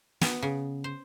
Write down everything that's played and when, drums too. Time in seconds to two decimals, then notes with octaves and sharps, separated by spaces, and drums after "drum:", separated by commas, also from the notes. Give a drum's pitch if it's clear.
0.21 B3, drum: snare
0.42 C#3
0.84 C5